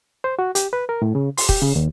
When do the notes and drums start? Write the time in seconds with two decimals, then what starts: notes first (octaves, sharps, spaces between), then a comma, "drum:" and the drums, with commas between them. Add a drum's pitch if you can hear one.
0.24 C5
0.39 F#4
0.55 G4, drum: hi-hat
0.73 B4
0.89 A#4
1.02 A2
1.15 C#3
1.38 C6, drum: open hi-hat
1.49 G4, drum: kick
1.62 C#3
1.76 D#2